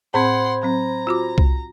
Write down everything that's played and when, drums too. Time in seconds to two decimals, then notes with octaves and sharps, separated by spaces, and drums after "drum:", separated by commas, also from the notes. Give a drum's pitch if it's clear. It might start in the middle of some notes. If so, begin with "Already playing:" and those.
0.14 A2 C4 C5 F#5 B5 C6 G#6
0.63 F#3 C4 A#5
1.07 F4 F#4 D6
1.38 drum: kick C2